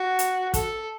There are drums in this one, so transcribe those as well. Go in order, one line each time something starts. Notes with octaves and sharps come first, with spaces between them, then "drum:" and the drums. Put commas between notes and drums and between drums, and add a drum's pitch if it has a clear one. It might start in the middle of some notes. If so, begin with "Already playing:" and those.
Already playing: F#4
drum: hi-hat
A4, drum: kick, hi-hat